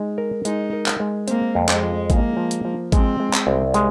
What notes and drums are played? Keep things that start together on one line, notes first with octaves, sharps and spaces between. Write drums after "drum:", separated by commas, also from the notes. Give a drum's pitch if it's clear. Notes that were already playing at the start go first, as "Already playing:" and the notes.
Already playing: G#3 D#4
A#4
G#3 D#4, drum: hi-hat
A#4
drum: clap
G#3
A#3 C4, drum: hi-hat
F2
G#3, drum: clap
F3
G#3 A#3, drum: kick G#1, hi-hat
F3
drum: hi-hat
F3
G#3 C4, drum: kick G#1, hi-hat
G#3
drum: clap
C2
G#3, drum: hi-hat